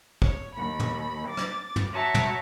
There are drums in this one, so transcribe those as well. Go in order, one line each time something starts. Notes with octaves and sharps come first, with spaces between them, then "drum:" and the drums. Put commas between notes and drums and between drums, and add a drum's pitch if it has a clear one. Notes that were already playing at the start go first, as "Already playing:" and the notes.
C#5, drum: kick
D#2 B5
drum: tom
D6 A6
drum: rim click
drum: tom
F#4 C#5 E5 A5 A#5
drum: tom